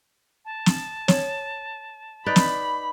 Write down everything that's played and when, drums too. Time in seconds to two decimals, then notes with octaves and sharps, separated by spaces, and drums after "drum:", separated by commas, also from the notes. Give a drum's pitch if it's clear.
0.45 A5
0.66 drum: snare
1.08 C#5, drum: snare
2.26 D#4 B4 D5 B5
2.36 drum: snare